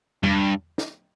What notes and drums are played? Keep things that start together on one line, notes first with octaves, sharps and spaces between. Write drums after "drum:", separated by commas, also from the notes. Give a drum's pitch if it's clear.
G2, drum: tom E2
drum: snare